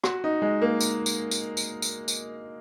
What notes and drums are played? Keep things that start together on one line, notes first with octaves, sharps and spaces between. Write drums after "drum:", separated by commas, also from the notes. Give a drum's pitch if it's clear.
F#4, drum: rim click
D#4
G#3
A#3
drum: tambourine
drum: tambourine
drum: tambourine
drum: tambourine
drum: tambourine
drum: tambourine